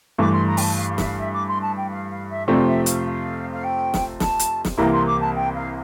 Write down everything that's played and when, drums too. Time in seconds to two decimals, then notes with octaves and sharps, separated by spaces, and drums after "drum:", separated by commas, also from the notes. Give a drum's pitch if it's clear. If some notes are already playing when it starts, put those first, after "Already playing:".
0.18 G2 E3 A3 D6
0.32 C6
0.47 A#5
0.57 G5, drum: open hi-hat
0.61 A5
0.76 F5
0.90 F5
0.98 E5, drum: snare
1.05 F5
1.18 E5
1.33 D6
1.48 C6
1.61 A5
1.76 G5
1.91 F5
2.10 F5
2.29 E5
2.48 F2 C3 F3 A3 C4 D5
2.67 E5
2.86 F5, drum: hi-hat
3.05 F5
3.52 F5
3.63 G5
3.94 drum: snare
4.20 A5, drum: snare
4.39 drum: hi-hat
4.65 drum: snare
4.78 C2 C3 E3 A#3 E4 A#5
4.92 C6
5.06 D6
5.20 A5
5.35 G5
5.54 F5